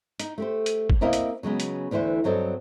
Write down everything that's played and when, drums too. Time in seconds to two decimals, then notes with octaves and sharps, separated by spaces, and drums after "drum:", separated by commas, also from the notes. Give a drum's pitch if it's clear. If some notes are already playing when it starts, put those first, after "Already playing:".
0.20 D#4, drum: hi-hat
0.38 A3 G4 C5
0.66 drum: hi-hat
0.90 drum: kick
1.01 A#3 C4 E4 A#4 D#5 F5
1.13 drum: hi-hat
1.43 C#3 F#3 G#3 B3
1.60 drum: hi-hat
1.91 D2 D3 E3 E4 C5
2.24 G2 F#3 C4 A4 D#5